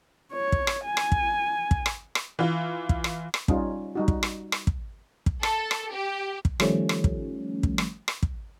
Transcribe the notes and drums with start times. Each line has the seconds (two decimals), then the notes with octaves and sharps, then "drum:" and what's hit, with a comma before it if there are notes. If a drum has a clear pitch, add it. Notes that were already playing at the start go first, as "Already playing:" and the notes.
0.33 C#5
0.52 drum: kick
0.67 drum: rim click
0.85 G#5
0.97 drum: rim click
1.12 drum: kick
1.71 drum: kick
1.86 drum: rim click
2.15 drum: rim click
2.39 E3 F4
2.89 drum: kick
3.04 drum: rim click
3.34 drum: rim click
3.48 G3 C#4 D#4 F4, drum: kick
3.95 G3 D#4 F#4
4.08 drum: kick
4.23 drum: rim click
4.52 drum: rim click
4.67 drum: kick
5.26 drum: kick
5.43 A4, drum: rim click
5.71 drum: rim click
5.93 G4
6.45 drum: kick
6.60 D#3 F3 G3 A3 C#4, drum: rim click
6.89 drum: rim click
7.04 drum: kick
7.63 drum: kick
7.78 drum: rim click
8.08 drum: rim click
8.23 drum: kick